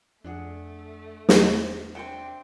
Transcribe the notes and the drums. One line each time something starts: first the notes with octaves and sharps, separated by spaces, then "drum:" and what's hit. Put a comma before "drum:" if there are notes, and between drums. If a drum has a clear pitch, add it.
F2 A3 D4 G#4 F#5
E2, drum: snare
C3 C4 D4 F#5 G5